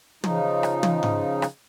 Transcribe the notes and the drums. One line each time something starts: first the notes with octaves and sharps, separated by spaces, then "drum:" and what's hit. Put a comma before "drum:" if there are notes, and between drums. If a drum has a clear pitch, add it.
C#3 F3 D#4, drum: tom
drum: rim click
drum: tom
drum: tom G#2
drum: rim click